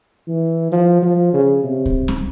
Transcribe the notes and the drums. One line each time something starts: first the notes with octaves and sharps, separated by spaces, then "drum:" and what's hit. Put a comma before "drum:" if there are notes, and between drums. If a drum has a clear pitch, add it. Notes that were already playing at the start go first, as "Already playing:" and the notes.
E3
F3
F3
C#3
C3
drum: kick C2
drum: snare